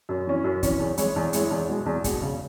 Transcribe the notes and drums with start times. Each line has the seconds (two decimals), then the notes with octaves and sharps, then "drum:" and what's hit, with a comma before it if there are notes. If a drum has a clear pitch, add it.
0.09 F#2
0.27 E3 C#4
0.44 F#2
0.63 E3 C#4, drum: kick, hi-hat
0.79 E2
0.97 E3 G#3 E4 C#5, drum: hi-hat
1.16 E2
1.33 E3 G#3 E4 C#5, drum: hi-hat
1.51 E2
1.69 B2 G#3
1.86 E2
2.04 B2 G#3, drum: kick, hi-hat
2.22 C#3